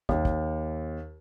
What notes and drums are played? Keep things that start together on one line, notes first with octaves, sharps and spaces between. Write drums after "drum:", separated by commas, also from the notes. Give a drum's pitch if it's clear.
D#2, drum: kick
drum: kick